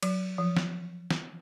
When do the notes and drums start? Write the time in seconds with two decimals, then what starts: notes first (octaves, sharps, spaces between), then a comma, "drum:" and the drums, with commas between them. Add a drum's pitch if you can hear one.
0.03 F#3, drum: cymbal
0.38 F3
0.57 drum: snare
1.11 drum: snare